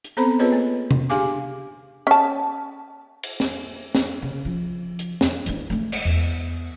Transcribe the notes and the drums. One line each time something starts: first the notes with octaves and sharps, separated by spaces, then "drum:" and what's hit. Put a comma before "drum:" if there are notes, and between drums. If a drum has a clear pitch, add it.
drum: hi-hat
B3 C4 A4 C5 A#5 B5
B3 F4 G#4 B4 C#5 D#5
A#3
drum: tom C3
D4 G4 G#4 F5 G#5 D6
C#4 A5
drum: cymbal
drum: snare
drum: snare
C#3
F3
drum: hi-hat
F2, drum: snare
E3 D4, drum: hi-hat
G#3 A3
drum: cymbal
E2